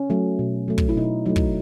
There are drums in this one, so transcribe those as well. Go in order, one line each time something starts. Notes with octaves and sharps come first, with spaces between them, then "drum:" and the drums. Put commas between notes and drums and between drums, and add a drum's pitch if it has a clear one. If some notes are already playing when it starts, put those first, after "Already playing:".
Already playing: C#4
F#3 A3
B2
F#3 A3
drum: kick
E4
B2 D#4
F#3 A3 D#4
drum: kick